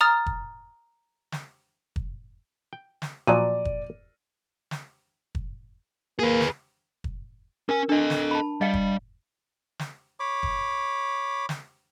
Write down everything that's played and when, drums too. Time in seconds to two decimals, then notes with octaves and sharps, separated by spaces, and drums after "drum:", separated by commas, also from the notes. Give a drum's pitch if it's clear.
0.01 A#5 D#6 F6 A6
0.26 drum: kick
1.32 drum: snare
1.96 drum: kick
2.73 G5
3.02 drum: snare
3.27 A#2 F3 F#3 D5 D#7
3.65 drum: kick
4.71 drum: snare
5.35 drum: kick
6.19 A#3 G#4 B4
6.41 drum: snare
7.04 drum: kick
7.69 C#4 A#4 G#5
7.89 D4 A4 D#5
8.10 drum: snare
8.31 A5 B5
8.61 G3 D#5 F5 G5
8.74 drum: kick
9.79 drum: snare
10.20 C#5 B5 D6
10.43 drum: kick
11.49 drum: snare